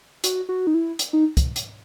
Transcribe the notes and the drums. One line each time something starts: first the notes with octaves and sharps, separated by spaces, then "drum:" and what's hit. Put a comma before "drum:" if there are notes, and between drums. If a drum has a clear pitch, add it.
F#4, drum: hi-hat
F#4
D#4
E4
drum: hi-hat
D#4
drum: kick, hi-hat
drum: hi-hat